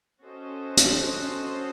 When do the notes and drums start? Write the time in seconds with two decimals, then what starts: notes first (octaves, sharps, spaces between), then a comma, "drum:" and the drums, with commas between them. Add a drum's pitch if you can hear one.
0.23 C#4 F#4 A4 C5 D#5
0.77 drum: hi-hat